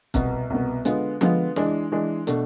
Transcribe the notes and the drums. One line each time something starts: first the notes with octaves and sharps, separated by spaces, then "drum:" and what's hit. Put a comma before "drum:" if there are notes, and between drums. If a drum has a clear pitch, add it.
C2 B2 B3, drum: kick, hi-hat
C2 B2 B3
D3 G#3 B3 F4, drum: hi-hat
D3 G#3 B3 F4, drum: tom F3
E3 G#3 D4, drum: snare
E3 G#3 D4
B2 A3 D4, drum: hi-hat